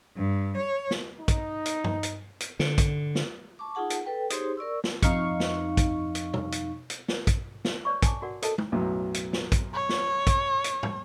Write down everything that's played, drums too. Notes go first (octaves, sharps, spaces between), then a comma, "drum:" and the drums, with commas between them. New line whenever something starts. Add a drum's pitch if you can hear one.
G2
C#5
drum: snare
D#4
drum: kick, hi-hat
drum: hi-hat
drum: tom G2
drum: hi-hat
drum: hi-hat
D3, drum: snare
drum: kick, hi-hat
drum: snare
A5 C#6 D6
D#4 F4 G#4 F#5 A5
drum: hi-hat
A4 B4 G5
D#4 G4 G#4 C5 C#5 C6, drum: hi-hat
A#4 D5 C#6 E6
drum: snare
F2 D#4 F5 C#6, drum: kick, hi-hat
drum: snare
drum: kick, hi-hat
drum: hi-hat
drum: tom
drum: hi-hat
drum: hi-hat
drum: snare
drum: kick, hi-hat
drum: snare
B4 C#5 D5 C#6
G#5 A5 D6, drum: kick, hi-hat
F#4 A#4 D5 F#5
A4 A#4 D#5 A5, drum: hi-hat
drum: tom G#3
B1 F#2 A2
drum: hi-hat
drum: snare
drum: kick, hi-hat
C#5
drum: snare
drum: kick, hi-hat
drum: hi-hat
drum: tom